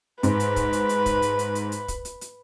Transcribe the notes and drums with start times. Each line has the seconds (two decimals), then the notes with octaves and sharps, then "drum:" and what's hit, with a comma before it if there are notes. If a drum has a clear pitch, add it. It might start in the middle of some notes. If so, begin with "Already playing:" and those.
0.23 G#2 B4, drum: hi-hat
0.40 drum: hi-hat
0.56 drum: kick, hi-hat
0.73 drum: hi-hat
0.89 drum: hi-hat
1.06 drum: kick, hi-hat
1.22 drum: hi-hat
1.39 drum: hi-hat
1.55 drum: hi-hat
1.72 drum: hi-hat
1.88 drum: kick, hi-hat
2.05 drum: hi-hat
2.21 drum: hi-hat